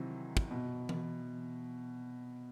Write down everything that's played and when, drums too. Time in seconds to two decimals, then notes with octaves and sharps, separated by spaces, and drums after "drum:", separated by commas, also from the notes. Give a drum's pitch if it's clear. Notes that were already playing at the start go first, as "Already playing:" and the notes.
Already playing: C3 D#3 E3 F#3
0.37 drum: kick
0.51 B2
0.89 drum: tom E3